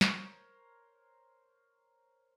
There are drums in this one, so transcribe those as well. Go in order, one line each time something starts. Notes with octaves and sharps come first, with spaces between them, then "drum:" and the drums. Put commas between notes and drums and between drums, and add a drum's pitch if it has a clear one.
A#4 C5 C#5, drum: snare